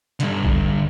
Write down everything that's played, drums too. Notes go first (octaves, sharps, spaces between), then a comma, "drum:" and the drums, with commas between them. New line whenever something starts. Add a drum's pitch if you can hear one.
G2 D3, drum: hi-hat
drum: kick